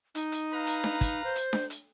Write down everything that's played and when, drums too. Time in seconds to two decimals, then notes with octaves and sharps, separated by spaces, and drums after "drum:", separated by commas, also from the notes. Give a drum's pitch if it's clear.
0.15 D#4, drum: hi-hat
0.32 drum: hi-hat
0.53 B4 F5 A#5
0.67 drum: hi-hat
0.84 drum: snare D4
1.01 drum: kick, hi-hat
1.24 C5
1.35 drum: hi-hat
1.53 drum: snare D4
1.70 drum: hi-hat